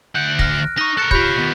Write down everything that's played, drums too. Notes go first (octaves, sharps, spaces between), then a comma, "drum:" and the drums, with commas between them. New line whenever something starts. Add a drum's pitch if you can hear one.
D2 F#5 F#6 G6 D7
F6 F#6 A#6, drum: kick
D#4 C#6 A#6
A4 A#4 F#6 C#7
F4 G4 C#5 F5 B5 G6 B6, drum: kick
D#3 B3